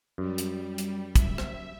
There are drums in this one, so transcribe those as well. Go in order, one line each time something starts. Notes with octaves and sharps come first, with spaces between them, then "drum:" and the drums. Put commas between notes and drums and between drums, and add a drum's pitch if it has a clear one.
F#2 G3
drum: hi-hat
drum: hi-hat
E5, drum: kick, hi-hat
drum: rim click